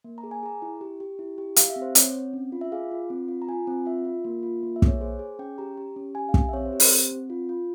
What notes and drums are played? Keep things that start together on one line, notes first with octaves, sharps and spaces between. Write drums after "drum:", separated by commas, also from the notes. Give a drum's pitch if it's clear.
A#3
A#5
G#4
G#5
G#4 A#5
E4
G4
G4
E4
G4
G4 F5, drum: hi-hat
E5
C4
C5
C4 C#5, drum: hi-hat
C4
C#4
F4
E5
G#4 F5
F4
C4
F4
A#5
F4 G#5
C4
F4 E5
F4
A#3
F4
A#3
E5
G#4, drum: kick
C#5
G#4 C5
G#4
C#4 G5
G4 A#5
G4
C#4
G4 G#5
F5
G4, drum: kick
E5
C4 C#5
C5
G4
C5, drum: open hi-hat
C4
C4
F4
F4